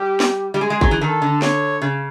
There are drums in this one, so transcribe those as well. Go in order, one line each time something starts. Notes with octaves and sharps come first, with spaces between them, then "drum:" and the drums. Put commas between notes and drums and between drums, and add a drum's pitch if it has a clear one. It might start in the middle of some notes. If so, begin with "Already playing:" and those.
Already playing: G3 G4
drum: snare
G3
G#3 G#4
G#3
F#3, drum: kick G#1
E3
D#3 A4
D3
C#5, drum: snare
C#3